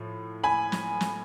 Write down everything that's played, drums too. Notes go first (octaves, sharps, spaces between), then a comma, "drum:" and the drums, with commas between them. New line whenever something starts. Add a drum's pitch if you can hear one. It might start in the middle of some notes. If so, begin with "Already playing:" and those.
Already playing: A2 F3
G#5 B5
drum: snare
drum: snare